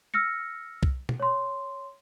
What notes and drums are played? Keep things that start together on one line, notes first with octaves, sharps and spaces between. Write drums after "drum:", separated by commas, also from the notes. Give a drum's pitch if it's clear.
E6 F6 A#6 C#7
drum: kick
drum: tom B2
C#5 C6